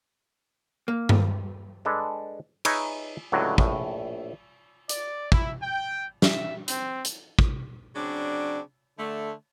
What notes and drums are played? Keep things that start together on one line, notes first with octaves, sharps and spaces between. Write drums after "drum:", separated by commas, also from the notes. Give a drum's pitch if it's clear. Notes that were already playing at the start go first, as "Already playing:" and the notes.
A#3
drum: tom G2
G#3 D4 A4 B4
D#4 G#4 B4 C#5 E5, drum: cymbal
C#2 A2 D3 F#3
A#1 A2, drum: kick
D5, drum: hi-hat
E4, drum: kick
G5
E5, drum: snare
C4, drum: hi-hat
drum: hi-hat
drum: kick
C#3 F#3 C4 D4
D3 A3